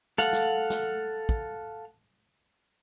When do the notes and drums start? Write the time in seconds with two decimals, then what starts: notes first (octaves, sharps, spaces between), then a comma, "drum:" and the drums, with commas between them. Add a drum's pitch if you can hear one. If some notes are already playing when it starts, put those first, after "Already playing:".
0.18 A4 F5 F#5, drum: snare
0.33 drum: snare
0.70 drum: snare
1.29 drum: kick